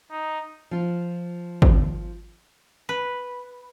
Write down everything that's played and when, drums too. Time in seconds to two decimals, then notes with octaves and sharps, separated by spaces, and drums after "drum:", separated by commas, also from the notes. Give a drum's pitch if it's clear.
0.11 D#4
0.71 F3 F4
1.62 drum: kick G#1
2.89 B4